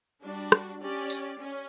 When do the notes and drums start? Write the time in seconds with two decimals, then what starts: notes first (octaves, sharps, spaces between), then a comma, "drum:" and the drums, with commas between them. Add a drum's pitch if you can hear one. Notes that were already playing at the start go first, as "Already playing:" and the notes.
0.23 G3 D4 F#4
0.52 drum: rim click
0.81 C#4 G4 D5
1.10 drum: tambourine
1.39 C#4